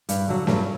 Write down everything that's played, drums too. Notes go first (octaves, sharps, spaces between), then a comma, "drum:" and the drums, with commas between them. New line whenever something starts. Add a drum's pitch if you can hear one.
G2, drum: hi-hat
D3 F#3
G2 F#3 A3, drum: snare